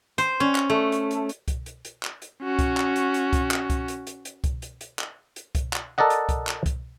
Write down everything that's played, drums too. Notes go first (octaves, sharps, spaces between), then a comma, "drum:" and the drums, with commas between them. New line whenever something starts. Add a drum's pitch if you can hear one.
C5, drum: hi-hat
C#4
drum: clap
A3
drum: hi-hat
drum: hi-hat
drum: hi-hat
drum: kick C2, hi-hat
drum: hi-hat
drum: hi-hat
drum: clap
drum: hi-hat
C#4 F#4
drum: kick C2, hi-hat
drum: clap
drum: hi-hat
drum: hi-hat
drum: kick C2, hi-hat
drum: clap
drum: kick C2, hi-hat
drum: hi-hat
drum: hi-hat
drum: hi-hat
drum: kick C2, hi-hat
drum: hi-hat
drum: hi-hat
drum: clap
drum: hi-hat
drum: kick C2, hi-hat
drum: clap
A4 A#4 D5 D#5 F#5
drum: hi-hat
drum: kick C2, hi-hat
drum: clap
drum: kick C2, hi-hat